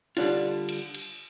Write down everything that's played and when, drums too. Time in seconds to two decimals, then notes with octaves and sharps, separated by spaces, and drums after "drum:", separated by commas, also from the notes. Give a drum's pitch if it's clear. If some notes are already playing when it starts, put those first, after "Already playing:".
0.17 D3 G3 D4 F4, drum: cymbal
0.69 drum: cymbal
0.95 drum: cymbal